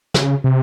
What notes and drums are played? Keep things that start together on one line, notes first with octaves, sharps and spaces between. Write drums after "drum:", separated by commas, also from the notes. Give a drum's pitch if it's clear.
C#3, drum: snare
C3